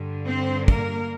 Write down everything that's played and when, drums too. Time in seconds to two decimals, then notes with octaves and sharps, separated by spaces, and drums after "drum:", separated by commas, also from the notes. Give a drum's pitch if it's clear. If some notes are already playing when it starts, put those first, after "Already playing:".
Already playing: G2 D3
0.27 C4 C5
0.68 A#3 A#4, drum: kick